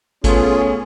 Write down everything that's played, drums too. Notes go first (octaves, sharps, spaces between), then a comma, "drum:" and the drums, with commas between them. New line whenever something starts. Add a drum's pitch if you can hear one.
A3 B3 C#4 F4 G#4, drum: kick G#1, hi-hat